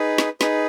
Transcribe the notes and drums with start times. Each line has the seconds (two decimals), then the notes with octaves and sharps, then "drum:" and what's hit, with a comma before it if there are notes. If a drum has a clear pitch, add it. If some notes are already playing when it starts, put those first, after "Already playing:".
Already playing: D#4 G#4 B4
0.18 drum: snare
0.41 D#4 G#4 B4, drum: snare